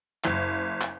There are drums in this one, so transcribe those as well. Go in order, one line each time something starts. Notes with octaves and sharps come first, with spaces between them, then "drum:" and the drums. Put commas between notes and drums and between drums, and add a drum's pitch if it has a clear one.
F#1, drum: clap
drum: clap